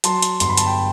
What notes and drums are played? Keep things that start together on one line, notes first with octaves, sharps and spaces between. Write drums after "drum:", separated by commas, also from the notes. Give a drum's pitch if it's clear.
F#3 A5 C6, drum: hi-hat
drum: hi-hat
G1 C6, drum: hi-hat
B5
A5, drum: hi-hat
G5 B5